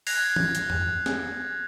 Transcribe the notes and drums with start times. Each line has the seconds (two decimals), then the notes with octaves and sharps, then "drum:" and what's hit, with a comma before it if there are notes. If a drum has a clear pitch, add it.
0.07 F#6 G#6 A#6 C7 F7, drum: open hi-hat
0.36 drum: tom
0.55 drum: hi-hat
0.70 drum: tom F2
1.06 drum: snare